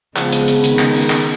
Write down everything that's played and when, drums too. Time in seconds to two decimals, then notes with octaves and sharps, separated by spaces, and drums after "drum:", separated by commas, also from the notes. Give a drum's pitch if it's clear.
0.16 C#3 F3 G#3 B3, drum: clap
0.32 drum: hi-hat
0.48 drum: hi-hat
0.64 D#3, drum: hi-hat
0.79 drum: clap
0.95 drum: open hi-hat
1.10 drum: clap